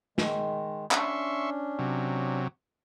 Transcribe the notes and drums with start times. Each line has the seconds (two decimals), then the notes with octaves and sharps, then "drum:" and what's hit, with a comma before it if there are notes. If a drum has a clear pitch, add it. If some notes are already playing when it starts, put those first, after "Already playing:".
0.18 D#3 G#3, drum: snare
0.91 C#4 D4 E5 C6 C#6, drum: clap
1.79 C3 F#3